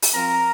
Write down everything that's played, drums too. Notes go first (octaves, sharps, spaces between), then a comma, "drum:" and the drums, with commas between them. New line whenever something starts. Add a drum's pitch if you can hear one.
drum: open hi-hat
F3 C4 F4 A#4 A#5